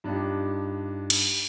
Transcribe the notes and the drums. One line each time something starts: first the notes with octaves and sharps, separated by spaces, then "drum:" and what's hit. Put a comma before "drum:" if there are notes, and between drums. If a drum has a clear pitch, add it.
G2 D4 D#4 F4 G4
drum: cymbal